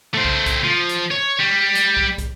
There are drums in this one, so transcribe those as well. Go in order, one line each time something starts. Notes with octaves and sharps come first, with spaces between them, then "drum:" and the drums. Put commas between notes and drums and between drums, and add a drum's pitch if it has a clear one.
A3 C5
drum: kick
drum: kick, hi-hat
F3
drum: hi-hat
C#5
G3
drum: hi-hat
drum: kick
drum: kick, hi-hat